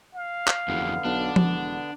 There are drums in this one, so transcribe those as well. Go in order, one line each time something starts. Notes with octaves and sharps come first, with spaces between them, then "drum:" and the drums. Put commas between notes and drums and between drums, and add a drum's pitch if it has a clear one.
F5
drum: clap
F#1 F2 D3 E3 B3
B1 D4
E1, drum: tom F3